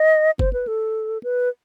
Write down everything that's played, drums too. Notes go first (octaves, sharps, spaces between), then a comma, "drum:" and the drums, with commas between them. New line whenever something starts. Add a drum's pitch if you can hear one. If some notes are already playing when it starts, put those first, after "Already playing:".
Already playing: D#5
C5, drum: kick F#1
B4
A4
B4